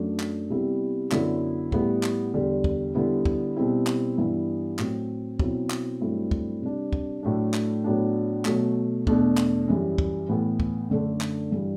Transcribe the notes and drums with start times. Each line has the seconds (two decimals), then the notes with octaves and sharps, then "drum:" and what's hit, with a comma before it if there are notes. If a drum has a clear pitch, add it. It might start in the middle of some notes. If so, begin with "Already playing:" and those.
Already playing: F#2 F#3 A3 D4
0.20 drum: clap
0.50 C3 G3 B3 E4
1.11 F#2 D3 F#3 B3 E4, drum: clap
1.72 A2 G3 B3 E4, drum: kick
2.03 drum: clap
2.34 E2 D3 G3
2.64 drum: kick
2.95 D3 G3 B3 E4
3.25 drum: kick
3.56 B2 G3 C4 E4
3.87 drum: clap
4.17 G2 E3 G3 B3 E4
4.79 A2 F#3 C4, drum: clap
5.39 B2 F#3 C4 E4, drum: kick
5.70 drum: clap
6.01 G2 F#3 A3 C4 E4
6.31 drum: kick
6.62 C3 G3 D4
6.93 drum: kick
7.23 A2 F#3 A3 D4
7.54 drum: clap
7.84 A2 F#3 B3 D4
8.45 B2 F#3 A3, drum: clap
9.07 E2 B2 A3 D4, drum: kick
9.37 drum: clap
9.68 F#2 E3 G3
9.98 drum: kick
10.29 A2 E3 B3
10.60 drum: kick
10.90 F#2 D3 A3 D4
11.21 drum: clap
11.51 G2 E3 G3